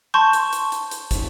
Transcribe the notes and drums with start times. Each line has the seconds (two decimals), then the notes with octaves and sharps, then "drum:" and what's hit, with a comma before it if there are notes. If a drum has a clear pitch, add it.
0.14 A5 C6 C#6 G6
0.33 drum: hi-hat
0.53 drum: hi-hat
0.72 drum: hi-hat
0.91 drum: hi-hat
1.11 drum: kick, hi-hat